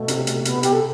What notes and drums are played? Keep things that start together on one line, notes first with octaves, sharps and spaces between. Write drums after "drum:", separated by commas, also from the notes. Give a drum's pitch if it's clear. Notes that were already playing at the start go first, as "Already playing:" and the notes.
Already playing: B2 A3
C3, drum: hi-hat
drum: hi-hat
B3, drum: hi-hat
G4, drum: hi-hat
A4